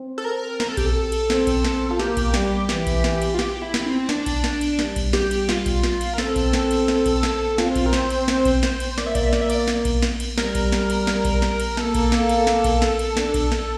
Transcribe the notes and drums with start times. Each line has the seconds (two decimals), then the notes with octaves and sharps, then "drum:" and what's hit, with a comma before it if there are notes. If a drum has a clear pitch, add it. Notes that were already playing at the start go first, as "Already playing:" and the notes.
Already playing: C4
0.18 A4
0.25 A#4
0.60 A#4, drum: snare
0.68 A4
0.77 G4, drum: kick A#1, cymbal
0.86 A4
1.12 drum: cymbal
1.30 C4, drum: snare
1.47 drum: kick A#1, cymbal
1.64 drum: snare
1.91 F4
1.99 A#3 G4, drum: snare
2.17 drum: kick A#1, cymbal
2.34 G3, drum: snare
2.69 E3, drum: snare
2.87 drum: kick A#1, cymbal
3.04 drum: snare
3.22 drum: cymbal
3.34 F4
3.39 G4, drum: snare
3.62 E4
3.74 drum: snare
3.86 C4
4.09 D4, drum: snare
4.26 drum: kick A#1, cymbal
4.44 drum: snare
4.61 drum: cymbal
4.79 G3, drum: snare
4.96 drum: kick A#1, cymbal
5.13 G4, drum: snare
5.31 drum: cymbal
5.49 F4, drum: snare
5.66 drum: kick A#1, cymbal
5.83 drum: snare
6.01 drum: cymbal
6.14 A#4
6.18 C4 A4, drum: snare
6.36 drum: kick A#1, cymbal
6.53 drum: snare
6.71 drum: cymbal
6.88 drum: snare
7.06 drum: kick A#1, cymbal
7.23 drum: snare
7.58 C4 F4, drum: snare
7.76 drum: kick A#1, cymbal
7.86 A#4
7.93 C5, drum: snare
8.10 drum: cymbal
8.28 drum: snare
8.45 drum: kick A#1, cymbal
8.63 drum: snare
8.80 drum: cymbal
8.98 A#3 D5, drum: snare
9.06 E5
9.15 D5, drum: kick A#1, cymbal
9.23 E5
9.33 D5, drum: snare
9.41 E5
9.50 D5, drum: cymbal
9.68 drum: snare
9.85 drum: kick A#1, cymbal
10.02 drum: snare
10.20 drum: cymbal
10.38 G3 A#4, drum: snare
10.55 drum: kick A#1, cymbal
10.72 drum: snare
10.90 drum: cymbal
11.07 drum: snare
11.25 drum: kick A#1, cymbal
11.42 drum: snare
11.60 drum: cymbal
11.77 A#3 A4, drum: snare
11.95 drum: kick A#1, cymbal
12.12 drum: snare
12.29 drum: cymbal
12.47 drum: snare
12.64 drum: kick A#1, cymbal
12.82 drum: snare
12.99 drum: cymbal
13.17 D4, drum: snare
13.34 drum: kick A#1, cymbal
13.52 drum: snare